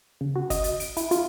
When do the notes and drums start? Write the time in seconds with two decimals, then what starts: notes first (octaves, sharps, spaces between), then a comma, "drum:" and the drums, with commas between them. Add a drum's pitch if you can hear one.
0.21 C#3
0.36 F#4
0.50 D#5, drum: kick, hi-hat
0.64 A6, drum: hi-hat
0.80 D7, drum: hi-hat
0.97 E4, drum: hi-hat
1.11 F4, drum: hi-hat